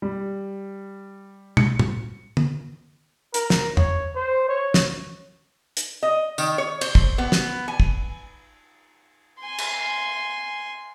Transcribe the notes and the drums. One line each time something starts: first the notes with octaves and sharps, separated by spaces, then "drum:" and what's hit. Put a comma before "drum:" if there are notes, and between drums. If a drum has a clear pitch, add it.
G3
C#7, drum: tom
drum: tom A2
drum: tom
A#4, drum: hi-hat
drum: snare
C#5, drum: tom E2
C5
C#5
drum: snare
drum: hi-hat
D#5
D#3, drum: tambourine
C#5
C5, drum: cymbal
drum: kick
B3
drum: snare
G#5
drum: kick
G#5 C6
drum: cymbal